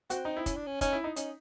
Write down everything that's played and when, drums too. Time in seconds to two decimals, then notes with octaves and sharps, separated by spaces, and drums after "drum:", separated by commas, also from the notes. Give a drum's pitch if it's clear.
0.10 C4 F#4, drum: hi-hat
0.25 D#4
0.37 E4
0.46 C#4, drum: kick, hi-hat
0.56 D4
0.67 C#4
0.81 C#4 D#4, drum: kick, hi-hat
0.93 E4
1.04 D#4
1.16 C#4 D#4, drum: hi-hat